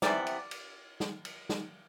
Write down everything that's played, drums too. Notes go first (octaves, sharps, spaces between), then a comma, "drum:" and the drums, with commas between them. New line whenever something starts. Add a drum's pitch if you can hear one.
C3 E3 G3 B3 D5, drum: snare
drum: cymbal
drum: cymbal
drum: snare
drum: cymbal
drum: snare